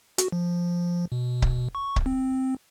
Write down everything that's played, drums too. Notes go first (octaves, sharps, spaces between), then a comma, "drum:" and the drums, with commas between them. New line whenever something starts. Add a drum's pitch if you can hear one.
F#4, drum: hi-hat
F3
B2
drum: kick C#1
C#6
drum: kick C#1
C4